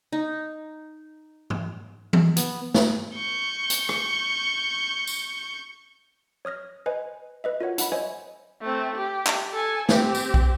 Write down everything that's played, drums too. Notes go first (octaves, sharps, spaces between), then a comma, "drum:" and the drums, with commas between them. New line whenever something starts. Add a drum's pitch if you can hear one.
D#4
drum: tom
drum: tom E3
B3, drum: hi-hat
drum: snare
C#6 G6
drum: hi-hat
drum: rim click
drum: tambourine
C#5 D#6 F6 A#6
B4 C5 D#5 G#5
B4 D#5 E5
F4 A#4 C#5 F#5
D#4 F#5 B5, drum: hi-hat
C5 C#5 D#5 E5 G#5
A3 C4
G4
drum: clap
A4 G#5
C4 G4, drum: snare
drum: tambourine
drum: kick